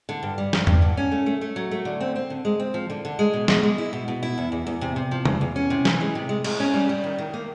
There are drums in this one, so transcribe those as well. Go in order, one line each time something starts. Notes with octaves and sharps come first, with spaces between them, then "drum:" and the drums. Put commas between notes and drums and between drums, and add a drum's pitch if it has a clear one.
D3
G2
G3
G2, drum: snare
G2, drum: tom E2
D3
C#4
A3
A3
A3
F#3
A3
D3
C4
C4
D3
G#3
C4
F3
D3
D3
G#3
B2
G#3, drum: snare
G#3
E4
B2
B2
E4
E2
E2
E2
C3
C3
F3
E2, drum: tom
E2
C#4
C3
E3, drum: snare
G#3
C3
G#3
G#3, drum: cymbal
C#4
G3
G3
D#3
D#3
A#3